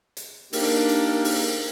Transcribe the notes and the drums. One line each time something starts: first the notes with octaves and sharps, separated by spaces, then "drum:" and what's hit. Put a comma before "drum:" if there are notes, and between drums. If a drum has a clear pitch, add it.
drum: hi-hat
A#3 D4 D#4 G4 A#4, drum: open hi-hat
drum: hi-hat
drum: open hi-hat